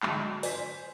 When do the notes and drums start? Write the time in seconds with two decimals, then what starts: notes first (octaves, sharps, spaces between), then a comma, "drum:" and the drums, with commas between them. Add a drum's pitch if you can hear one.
0.03 D3 F#3 G#3, drum: clap
0.43 C5 G#5 B6, drum: open hi-hat